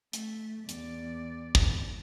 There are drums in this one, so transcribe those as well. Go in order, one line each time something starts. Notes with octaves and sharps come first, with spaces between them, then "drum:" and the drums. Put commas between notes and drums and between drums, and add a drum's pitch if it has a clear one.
A3, drum: hi-hat
E2 D5, drum: hi-hat
drum: kick